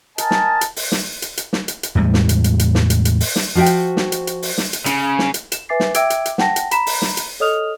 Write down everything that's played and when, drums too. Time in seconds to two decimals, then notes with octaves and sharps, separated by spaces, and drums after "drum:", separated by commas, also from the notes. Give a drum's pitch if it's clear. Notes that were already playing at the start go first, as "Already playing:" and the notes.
0.18 A#4 D#5 G#5 A5, drum: hi-hat
0.31 drum: snare
0.61 drum: hi-hat
0.76 drum: open hi-hat
0.92 drum: snare
1.22 drum: hi-hat
1.37 drum: hi-hat
1.53 drum: snare
1.68 drum: hi-hat
1.83 drum: hi-hat
1.95 E2 A2 G3 G#3
2.14 drum: snare
2.29 drum: hi-hat
2.44 drum: hi-hat
2.59 drum: hi-hat
2.75 drum: snare
2.90 drum: hi-hat
3.05 drum: hi-hat
3.20 drum: open hi-hat
3.36 drum: snare
3.55 F3 F#4 E5 G5
3.66 drum: hi-hat
3.97 drum: snare
4.12 drum: hi-hat
4.27 drum: hi-hat
4.42 drum: open hi-hat
4.58 drum: snare
4.73 drum: hi-hat
4.86 C#3, drum: hi-hat
5.19 drum: snare
5.34 drum: hi-hat
5.52 E7, drum: hi-hat
5.69 B4 E5 G#5 D6 A6 C7
5.80 drum: snare
5.94 E5 G5 D6 E6 G#6 D7, drum: hi-hat
6.10 drum: hi-hat
6.25 drum: hi-hat
6.38 F#5 G5 A5 A#6, drum: snare
6.56 drum: hi-hat
6.71 A#5 B5 B6 E7, drum: hi-hat
6.87 drum: open hi-hat
7.02 drum: snare
7.17 drum: hi-hat
7.40 A4 C#5 D#5 D#6 F6 F7